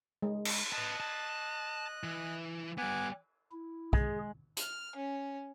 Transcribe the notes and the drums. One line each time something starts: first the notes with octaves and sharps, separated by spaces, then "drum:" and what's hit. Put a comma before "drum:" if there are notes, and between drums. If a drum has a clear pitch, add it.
G#3
drum: cymbal
B4 D#5 A5 F#6
A5
E3
G3 B3 F#5 G#5 D6
E4
G#3 G#4, drum: kick B1
F6, drum: hi-hat
C#4